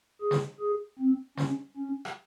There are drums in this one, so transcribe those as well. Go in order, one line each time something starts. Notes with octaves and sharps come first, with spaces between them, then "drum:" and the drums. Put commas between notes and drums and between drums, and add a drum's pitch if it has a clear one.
G#4
drum: snare
G#4
C4
C#4, drum: snare
C#4
drum: rim click